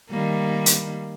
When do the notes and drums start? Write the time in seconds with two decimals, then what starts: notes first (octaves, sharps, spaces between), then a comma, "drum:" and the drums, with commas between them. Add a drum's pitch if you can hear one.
0.10 D#3 G3 A#3
0.66 drum: hi-hat